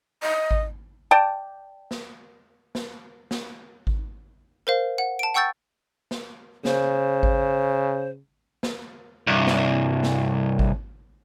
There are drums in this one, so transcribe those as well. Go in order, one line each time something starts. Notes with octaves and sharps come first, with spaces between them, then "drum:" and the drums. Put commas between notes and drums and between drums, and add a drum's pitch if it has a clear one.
D#5
drum: kick G#1
D5 G5 A5
drum: snare
drum: snare
drum: snare
drum: kick G#1
A#4 C5 F5
F#5
A5 D7
F#5 G5 C#6 E6 G6 A6
drum: snare
C#3 C5, drum: snare
drum: kick G#1
drum: snare
C2 G2
drum: snare
drum: snare
drum: kick G#1